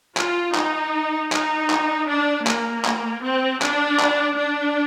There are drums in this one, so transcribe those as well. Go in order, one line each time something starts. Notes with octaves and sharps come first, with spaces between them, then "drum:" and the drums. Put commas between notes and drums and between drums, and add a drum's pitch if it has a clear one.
F4, drum: clap
D#4, drum: clap
D#4, drum: clap
drum: clap
D4
A#3, drum: clap
drum: clap
C4
D4, drum: clap
drum: clap
D4